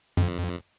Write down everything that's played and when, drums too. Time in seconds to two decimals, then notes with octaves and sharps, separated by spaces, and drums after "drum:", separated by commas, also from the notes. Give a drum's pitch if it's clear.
0.17 F2, drum: tom F#2